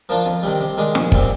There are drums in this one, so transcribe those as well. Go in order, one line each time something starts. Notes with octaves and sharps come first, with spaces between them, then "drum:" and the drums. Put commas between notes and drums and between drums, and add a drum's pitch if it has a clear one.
F3 A#3 D4 F4
F2
C3 D#3 G3
C3
D#3 G#3 D4
A#1, drum: snare
A#2 G3 C4, drum: kick